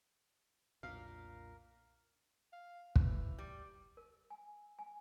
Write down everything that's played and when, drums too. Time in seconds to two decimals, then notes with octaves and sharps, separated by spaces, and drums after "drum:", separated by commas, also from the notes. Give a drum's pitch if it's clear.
0.83 B1 F2 A#2 D4 A#4 F5
2.53 F5
2.96 E3, drum: kick
3.38 G3
3.97 A#4
4.30 G#5
4.79 G#5